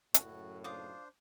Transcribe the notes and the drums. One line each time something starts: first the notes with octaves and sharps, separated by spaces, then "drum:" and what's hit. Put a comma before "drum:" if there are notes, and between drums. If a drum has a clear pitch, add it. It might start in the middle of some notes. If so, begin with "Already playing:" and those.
F#1 F#2 A2 F#4, drum: hi-hat
D4 F4 C5 D6 D#6